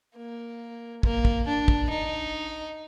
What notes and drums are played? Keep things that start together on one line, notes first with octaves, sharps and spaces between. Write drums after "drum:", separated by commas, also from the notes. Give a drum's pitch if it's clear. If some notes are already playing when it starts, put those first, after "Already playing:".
A#3
A#3, drum: kick
drum: kick
D4
drum: kick
D#4